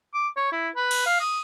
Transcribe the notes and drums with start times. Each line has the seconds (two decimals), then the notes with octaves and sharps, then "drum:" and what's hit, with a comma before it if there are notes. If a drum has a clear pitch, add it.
0.14 D6
0.37 C#5
0.52 E4
0.76 B4
0.91 drum: cymbal
1.06 F5
1.20 D#6